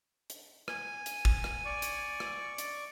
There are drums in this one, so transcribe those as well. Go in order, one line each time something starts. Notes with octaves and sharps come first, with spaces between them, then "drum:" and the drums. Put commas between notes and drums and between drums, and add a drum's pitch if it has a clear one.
drum: hi-hat
G#5, drum: rim click
drum: hi-hat
drum: kick
drum: rim click
D5 C#6
drum: hi-hat
drum: rim click
drum: hi-hat